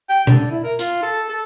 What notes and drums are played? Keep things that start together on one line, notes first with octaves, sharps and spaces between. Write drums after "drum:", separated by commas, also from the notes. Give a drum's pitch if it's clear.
G5
D3, drum: tom B2
E4
A#4
F4, drum: hi-hat
A4
A4